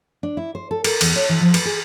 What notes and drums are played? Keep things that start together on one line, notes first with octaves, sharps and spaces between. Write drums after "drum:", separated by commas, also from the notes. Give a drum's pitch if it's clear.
D4
E4
C5
A4
A#4, drum: cymbal
E2, drum: cymbal
C#5
E3
F3
B4, drum: cymbal
G#4